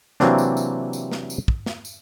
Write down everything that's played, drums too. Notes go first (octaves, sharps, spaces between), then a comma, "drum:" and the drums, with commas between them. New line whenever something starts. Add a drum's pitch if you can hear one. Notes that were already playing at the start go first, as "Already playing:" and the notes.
C3 E3 F#3 A#3 C4 D4, drum: snare
drum: tambourine
drum: tambourine
drum: tambourine
drum: snare
drum: tambourine
drum: kick
drum: snare
drum: tambourine